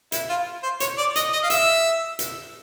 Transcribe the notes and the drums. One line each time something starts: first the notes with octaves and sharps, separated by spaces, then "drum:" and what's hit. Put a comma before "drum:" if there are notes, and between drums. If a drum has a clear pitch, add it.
E4, drum: hi-hat
F4
C5
C#5, drum: hi-hat
D5
D#5, drum: hi-hat
D#5
F5
E5, drum: hi-hat
drum: hi-hat